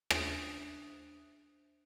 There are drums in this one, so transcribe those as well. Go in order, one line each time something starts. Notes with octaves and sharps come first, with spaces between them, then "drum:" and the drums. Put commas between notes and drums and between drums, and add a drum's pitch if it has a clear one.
D4 C5 E5 D#6 F#6, drum: rim click